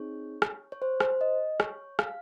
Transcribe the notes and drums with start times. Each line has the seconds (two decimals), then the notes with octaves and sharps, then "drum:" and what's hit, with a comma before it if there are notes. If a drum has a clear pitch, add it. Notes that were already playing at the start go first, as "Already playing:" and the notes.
Already playing: C4 D#4 G#4 C#5
0.42 drum: rim click
0.72 C#5
0.82 C5
1.00 C5, drum: rim click
1.21 D#5
1.60 C#5, drum: rim click
1.99 F5, drum: rim click